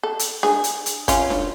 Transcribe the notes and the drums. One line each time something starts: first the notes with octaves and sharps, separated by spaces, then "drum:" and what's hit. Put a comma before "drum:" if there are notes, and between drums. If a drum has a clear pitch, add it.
A4
drum: hi-hat
G#4, drum: snare D4
drum: hi-hat
drum: hi-hat
C#4 F4, drum: kick, hi-hat
drum: snare D4